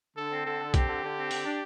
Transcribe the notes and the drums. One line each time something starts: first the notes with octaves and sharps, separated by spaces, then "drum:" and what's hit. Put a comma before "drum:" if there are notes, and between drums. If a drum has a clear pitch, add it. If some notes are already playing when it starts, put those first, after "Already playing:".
D3 A4
C4
D3 A4
D3
C4 G4, drum: kick, hi-hat
D3
D3
C4
D3, drum: open hi-hat
D4